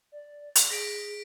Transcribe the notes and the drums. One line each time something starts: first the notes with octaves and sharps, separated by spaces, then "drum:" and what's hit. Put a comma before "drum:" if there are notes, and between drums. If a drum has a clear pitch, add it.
D5
drum: hi-hat
G#4 A#6 B6 D7